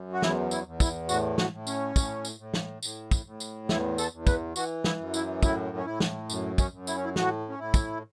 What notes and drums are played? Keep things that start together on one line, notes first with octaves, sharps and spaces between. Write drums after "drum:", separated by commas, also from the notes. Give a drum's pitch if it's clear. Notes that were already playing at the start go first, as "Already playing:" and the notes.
Already playing: F#2
F#4
E2 E4, drum: snare
E4, drum: tambourine
E2
E4, drum: kick, tambourine
A2 F#4, drum: tambourine
F#4, drum: snare
A2
C#4, drum: tambourine
A2, drum: kick, tambourine
drum: tambourine
A2
drum: snare
A2, drum: tambourine
drum: kick, tambourine
A2
drum: tambourine
E2 E4, drum: snare
A4, drum: tambourine
E2
B4, drum: kick, tambourine
E3 F#4, drum: tambourine
E4, drum: snare
F#2
E4, drum: tambourine
A2 E4, drum: kick, tambourine
C#4
A2 E4
drum: snare
F#2, drum: tambourine
C#4, drum: kick, tambourine
F#2
E4, drum: tambourine
C#4
E4
A2 F#4, drum: snare
C#4
A2 E4
drum: kick, tambourine